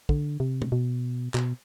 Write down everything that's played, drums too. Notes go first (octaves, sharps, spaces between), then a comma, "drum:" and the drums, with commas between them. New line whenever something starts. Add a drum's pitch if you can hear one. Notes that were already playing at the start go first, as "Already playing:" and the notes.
D3, drum: kick
C3
drum: tom
B2
B2, drum: clap